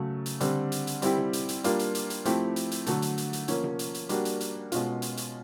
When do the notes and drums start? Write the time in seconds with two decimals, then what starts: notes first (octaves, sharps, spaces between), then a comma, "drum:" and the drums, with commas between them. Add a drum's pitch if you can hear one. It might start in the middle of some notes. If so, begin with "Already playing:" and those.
Already playing: C#3 F#3 A3
0.26 drum: hi-hat
0.40 D3 G3 C4, drum: hi-hat
0.72 drum: hi-hat
0.87 drum: hi-hat
1.02 G3 C4 E4 G4, drum: hi-hat
1.18 drum: tom C3
1.33 drum: hi-hat
1.49 drum: hi-hat
1.64 G3 A#3 D4 F4, drum: hi-hat
1.79 drum: hi-hat
1.95 drum: hi-hat
2.10 drum: hi-hat
2.25 F3 A3 C4 E4 G4, drum: hi-hat
2.56 drum: hi-hat
2.71 drum: hi-hat
2.86 D3 F#3 A3, drum: hi-hat
3.02 drum: hi-hat
3.18 drum: hi-hat
3.33 drum: hi-hat
3.48 F3 A#3 C#4, drum: hi-hat
3.64 drum: tom C3
3.79 drum: hi-hat
3.94 drum: hi-hat
4.09 G3 A#3 D4 F#4, drum: hi-hat
4.25 drum: hi-hat
4.41 drum: hi-hat
4.72 B2 G#3 C#4 F4, drum: hi-hat
5.02 drum: hi-hat
5.17 drum: hi-hat